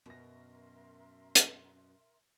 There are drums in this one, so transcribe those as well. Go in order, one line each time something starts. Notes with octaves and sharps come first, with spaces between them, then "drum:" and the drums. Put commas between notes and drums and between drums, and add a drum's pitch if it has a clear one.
F#2 B2 A#4 E5 C6 A#6
drum: hi-hat